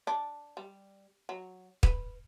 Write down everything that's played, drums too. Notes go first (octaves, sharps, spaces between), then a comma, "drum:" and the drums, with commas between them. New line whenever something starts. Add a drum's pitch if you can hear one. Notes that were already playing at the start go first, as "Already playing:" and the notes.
D4
G3
F#3
B4, drum: kick